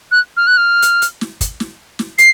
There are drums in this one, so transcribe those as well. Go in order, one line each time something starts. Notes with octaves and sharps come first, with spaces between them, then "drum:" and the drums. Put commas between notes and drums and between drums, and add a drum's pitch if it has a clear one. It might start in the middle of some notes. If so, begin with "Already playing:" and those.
F#6
F6
F#6
F6
drum: hi-hat
drum: hi-hat
drum: snare
drum: kick, hi-hat
drum: snare
drum: snare
C7, drum: hi-hat